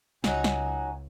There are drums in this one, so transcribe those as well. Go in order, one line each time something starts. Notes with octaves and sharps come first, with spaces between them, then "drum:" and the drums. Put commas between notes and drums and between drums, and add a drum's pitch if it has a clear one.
C#2 F#3 D#4 F#4 G#5, drum: snare
drum: snare